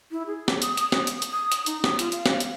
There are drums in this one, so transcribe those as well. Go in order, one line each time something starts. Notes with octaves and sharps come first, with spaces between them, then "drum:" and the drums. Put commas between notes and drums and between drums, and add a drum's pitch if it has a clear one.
E4
G#4
drum: snare
D#6, drum: hi-hat
D#6, drum: hi-hat
drum: snare
drum: hi-hat
drum: hi-hat
D#6
drum: hi-hat
D#4, drum: hi-hat
D#6, drum: snare
F4, drum: hi-hat
F5, drum: hi-hat
drum: snare
drum: hi-hat